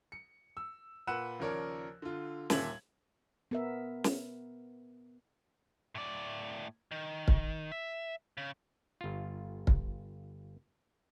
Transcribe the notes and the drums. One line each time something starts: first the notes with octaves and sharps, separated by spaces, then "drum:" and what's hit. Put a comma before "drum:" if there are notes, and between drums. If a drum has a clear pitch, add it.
C#7
E6
A#2 B4 F#5 E6 F#6 E7
D#2 C#3 F3 A#4 C#5 D5
D3 F4
G1 D#2 A#2 E5 G#6 F#7, drum: snare
B3 A#4 E5
drum: snare
A2 D5
D#3
drum: kick
E5
C#3
G1 F4
drum: kick